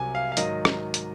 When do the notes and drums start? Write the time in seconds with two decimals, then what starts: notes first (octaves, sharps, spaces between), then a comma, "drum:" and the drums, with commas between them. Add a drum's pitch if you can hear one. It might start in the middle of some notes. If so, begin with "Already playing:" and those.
Already playing: C2 C3 F#3 G#5
0.15 F5
0.32 F5
0.37 G#2 D#3 F#3 D#5, drum: hi-hat
0.65 drum: rim click
0.94 drum: hi-hat